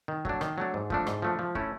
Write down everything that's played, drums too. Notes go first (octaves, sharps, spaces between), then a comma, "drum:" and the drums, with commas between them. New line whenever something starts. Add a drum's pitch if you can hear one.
D#3
F#3 A3 D4, drum: kick
D#3, drum: rim click
F#3 A3 D4
G#2
F3 A3 D4, drum: kick
G#2, drum: rim click
F3 A3 D4
F3
A3 C#4 E4, drum: kick